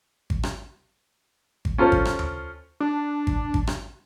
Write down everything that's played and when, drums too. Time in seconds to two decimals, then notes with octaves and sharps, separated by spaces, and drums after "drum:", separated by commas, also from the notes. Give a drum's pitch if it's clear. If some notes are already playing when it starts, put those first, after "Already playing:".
0.30 drum: kick G#1
0.43 drum: rim click
1.65 drum: kick G#1
1.78 C#4 F4 A4 C5
1.92 drum: kick G#1
2.05 drum: rim click
2.19 drum: tom D#2
2.80 D4
3.27 drum: kick G#1
3.54 drum: kick G#1
3.67 drum: rim click